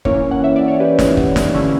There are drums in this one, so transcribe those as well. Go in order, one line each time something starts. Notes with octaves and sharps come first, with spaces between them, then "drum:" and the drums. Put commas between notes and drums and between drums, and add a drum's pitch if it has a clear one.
E3 A#3 C#4 E4 A#4 C#5, drum: kick
F#5
E5
D5
C#5
G4 B4
drum: snare
drum: kick
drum: snare
D3 A#3 C#4 E4